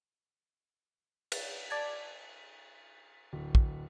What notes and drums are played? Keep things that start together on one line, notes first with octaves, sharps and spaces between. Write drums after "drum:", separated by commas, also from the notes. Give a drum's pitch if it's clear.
drum: cymbal
D5 A5 G#6
D1
drum: kick